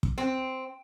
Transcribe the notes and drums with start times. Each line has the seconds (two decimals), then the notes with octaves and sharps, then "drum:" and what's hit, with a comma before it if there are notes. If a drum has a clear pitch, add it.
0.03 drum: kick
0.18 C4